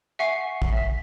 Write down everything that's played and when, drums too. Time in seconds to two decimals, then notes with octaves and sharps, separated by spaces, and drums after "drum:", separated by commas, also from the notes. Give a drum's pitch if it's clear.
0.19 E5 F#5 G#5 C#6 C7
0.62 drum: kick
0.73 E5 B6